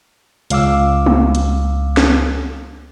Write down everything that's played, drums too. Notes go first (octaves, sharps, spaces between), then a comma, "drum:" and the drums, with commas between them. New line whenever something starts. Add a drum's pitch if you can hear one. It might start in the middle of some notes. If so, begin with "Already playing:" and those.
C#2 F5 D6 E6, drum: hi-hat
drum: tom
drum: hi-hat
drum: snare